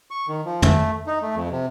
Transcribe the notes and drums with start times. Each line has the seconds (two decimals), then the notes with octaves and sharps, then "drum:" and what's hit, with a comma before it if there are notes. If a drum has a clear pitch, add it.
0.11 C#6
0.28 D#3
0.45 F3
0.62 A3, drum: tom
1.07 D#4
1.22 A3
1.35 F2
1.51 C3